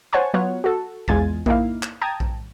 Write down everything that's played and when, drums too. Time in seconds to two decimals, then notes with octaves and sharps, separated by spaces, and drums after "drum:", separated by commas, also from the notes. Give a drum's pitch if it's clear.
0.13 C5 C#5 F#5 G#5 A5 C#6
0.34 F#3 B3 F4 C#5 F#5
0.64 F#4 A4
1.08 E2 G#3 F4 G#5 G#6 A6, drum: kick A#1
1.46 A#3 D#4 E4 F5, drum: kick A#1
1.83 drum: clap
2.01 G5 A5 A#5 D#6 G#6
2.20 drum: kick A#1